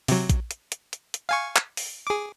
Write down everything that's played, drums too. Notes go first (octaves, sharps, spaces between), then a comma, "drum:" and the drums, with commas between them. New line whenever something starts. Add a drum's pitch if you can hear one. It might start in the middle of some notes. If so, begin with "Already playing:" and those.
C3 F#3, drum: open hi-hat
drum: kick A#1, hi-hat
drum: hi-hat
drum: hi-hat
drum: hi-hat
drum: hi-hat
F5 G#5 C#6
drum: clap
drum: open hi-hat
G#4 D6